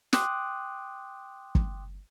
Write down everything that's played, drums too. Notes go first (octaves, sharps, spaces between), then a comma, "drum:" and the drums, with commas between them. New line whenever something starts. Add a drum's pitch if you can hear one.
G5 C6 D6 D#6 F#6, drum: snare
drum: kick